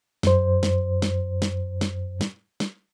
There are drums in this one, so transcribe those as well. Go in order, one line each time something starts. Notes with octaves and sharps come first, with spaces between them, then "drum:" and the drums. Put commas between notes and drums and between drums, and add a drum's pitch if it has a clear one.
F#2 C5, drum: snare
drum: snare
drum: snare
drum: snare
drum: snare
drum: snare
drum: snare